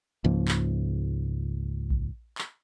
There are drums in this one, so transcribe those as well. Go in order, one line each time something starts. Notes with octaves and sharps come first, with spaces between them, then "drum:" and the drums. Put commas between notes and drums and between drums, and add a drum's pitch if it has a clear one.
C#2 G#2 F3 A#3
drum: clap
drum: kick A#1
drum: clap